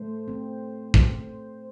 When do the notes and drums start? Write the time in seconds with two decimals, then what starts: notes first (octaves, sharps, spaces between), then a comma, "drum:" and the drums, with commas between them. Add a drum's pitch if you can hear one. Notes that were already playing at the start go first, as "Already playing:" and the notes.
Already playing: A3 C5
0.28 C4
0.94 drum: kick